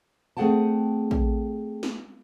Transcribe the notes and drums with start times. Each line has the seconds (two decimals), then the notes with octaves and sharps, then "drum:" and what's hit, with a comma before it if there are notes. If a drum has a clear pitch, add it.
0.37 A3 C4 G#4 F#5 G5 A5
1.11 drum: kick
1.83 drum: snare